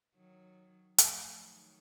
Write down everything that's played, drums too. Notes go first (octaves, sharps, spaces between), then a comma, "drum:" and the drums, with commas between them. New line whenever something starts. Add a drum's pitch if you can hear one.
D#3 F#3
F3 A3, drum: hi-hat
D#3 F#3